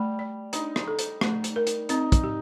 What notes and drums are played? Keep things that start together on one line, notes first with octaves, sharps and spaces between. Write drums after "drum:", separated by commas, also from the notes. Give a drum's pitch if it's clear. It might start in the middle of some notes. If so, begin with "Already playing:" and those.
Already playing: G3 A3
D5
D4 D#4, drum: hi-hat
drum: rim click
A4
drum: hi-hat
A3, drum: rim click
drum: hi-hat
A#4
drum: hi-hat
C4 D#4, drum: hi-hat
drum: kick, hi-hat
G4